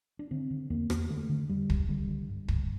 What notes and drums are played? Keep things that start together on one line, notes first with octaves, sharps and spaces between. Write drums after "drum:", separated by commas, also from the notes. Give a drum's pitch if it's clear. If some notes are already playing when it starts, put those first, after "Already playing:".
D4
D3 C4
D3
E2 A#3
E2, drum: rim click
D3 A3
D3
E2 G3
E2, drum: kick
D3 G3
D3
G2
G2, drum: kick